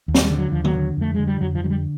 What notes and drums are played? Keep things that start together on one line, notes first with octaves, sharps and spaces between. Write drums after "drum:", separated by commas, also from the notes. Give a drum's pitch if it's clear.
D#2
F#3, drum: snare
G3
D3
F#3
D#2 F3
F#3, drum: tom
D3
F2 A3
D3 G#3
G3
F2 F#3
F3
D3 F#3
G3